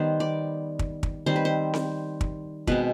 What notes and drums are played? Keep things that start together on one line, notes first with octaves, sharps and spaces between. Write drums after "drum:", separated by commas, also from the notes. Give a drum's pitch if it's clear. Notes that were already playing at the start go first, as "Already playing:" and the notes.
Already playing: D#3 G3 B3 C5
D5
drum: kick
drum: kick
D#3 G3 C4 C5
B4
C5
drum: snare C4
drum: kick
B2 G#3 C4 B4, drum: kick